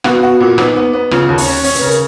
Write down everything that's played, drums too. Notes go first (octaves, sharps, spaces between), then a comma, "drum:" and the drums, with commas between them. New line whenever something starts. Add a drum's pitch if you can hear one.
B3 F#4, drum: rim click
F#4
A#2
B3 D#4, drum: rim click
B3
B3
C#3 F4, drum: rim click
D#2
C#5, drum: open hi-hat
C#4
C#4 C#5, drum: open hi-hat
B4, drum: hi-hat
C#3 A#4
drum: hi-hat